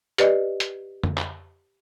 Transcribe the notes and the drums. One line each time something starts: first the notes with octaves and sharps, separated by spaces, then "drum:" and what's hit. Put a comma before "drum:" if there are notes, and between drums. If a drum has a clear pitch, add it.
G4 B4 D5 D#5, drum: hi-hat
drum: hi-hat
drum: tom F2
drum: clap